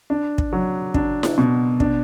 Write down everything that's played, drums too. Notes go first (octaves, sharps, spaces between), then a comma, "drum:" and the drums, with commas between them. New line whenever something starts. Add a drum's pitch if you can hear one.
D4
drum: kick
F#3
D4, drum: kick
drum: snare E4
B2
D4, drum: kick